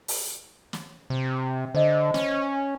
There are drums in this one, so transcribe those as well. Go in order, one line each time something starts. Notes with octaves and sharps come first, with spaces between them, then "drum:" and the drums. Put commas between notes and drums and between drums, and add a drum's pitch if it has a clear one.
drum: open hi-hat
drum: snare
C3
D3 C5 D#5
C#4, drum: snare